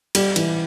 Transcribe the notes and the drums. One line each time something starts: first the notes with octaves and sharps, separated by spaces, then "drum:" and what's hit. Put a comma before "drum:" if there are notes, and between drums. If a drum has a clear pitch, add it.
G3, drum: cymbal
E3, drum: cymbal